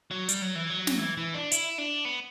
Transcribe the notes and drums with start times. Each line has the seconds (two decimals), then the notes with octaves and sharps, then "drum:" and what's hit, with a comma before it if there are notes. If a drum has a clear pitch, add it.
0.11 F#3
0.29 G3, drum: hi-hat
0.42 F#3
0.55 E3
0.70 F#3
0.87 drum: snare
0.99 E3
1.17 E3
1.34 D4
1.52 E4, drum: hi-hat
1.78 D4
2.05 B3